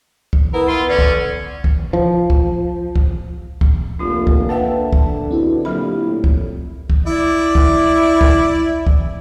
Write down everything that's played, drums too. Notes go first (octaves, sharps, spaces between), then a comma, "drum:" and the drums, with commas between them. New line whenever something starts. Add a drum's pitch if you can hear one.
drum: kick
B3 E4 A#4
B3 F4 C6
D3 C#4 D5
drum: kick
drum: kick
F3
drum: kick
drum: kick
drum: kick
F1 A#3 D4 F4
drum: kick
D3 B4 E5 F#5 G5 A5
drum: kick
B2 C4 E4 G4
A#2 F#3 B5
A2
drum: kick
drum: kick
E4 D5
drum: kick
drum: kick
drum: kick